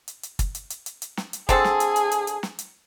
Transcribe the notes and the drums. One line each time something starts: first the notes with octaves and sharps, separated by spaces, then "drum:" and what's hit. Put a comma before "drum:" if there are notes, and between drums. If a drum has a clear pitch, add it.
drum: hi-hat
drum: hi-hat
drum: kick, hi-hat
drum: hi-hat
drum: hi-hat
drum: hi-hat
drum: hi-hat
drum: snare
drum: hi-hat
D3 C4 G#4 A4, drum: kick, hi-hat
drum: snare
drum: hi-hat
drum: hi-hat
drum: hi-hat
drum: hi-hat
drum: snare
drum: hi-hat